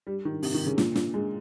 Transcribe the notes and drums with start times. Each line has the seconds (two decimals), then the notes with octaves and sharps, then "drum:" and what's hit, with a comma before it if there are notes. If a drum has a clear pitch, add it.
0.07 G3
0.25 D#3
0.43 C3, drum: open hi-hat
0.54 D#3
0.66 C#3
0.78 A#2, drum: snare
0.96 A#2, drum: snare
1.14 G#3